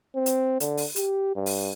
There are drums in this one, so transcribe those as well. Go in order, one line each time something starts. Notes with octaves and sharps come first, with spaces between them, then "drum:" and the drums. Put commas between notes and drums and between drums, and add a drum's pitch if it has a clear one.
C4
drum: hi-hat
D3, drum: hi-hat
drum: open hi-hat
G4, drum: hi-hat
G2
drum: open hi-hat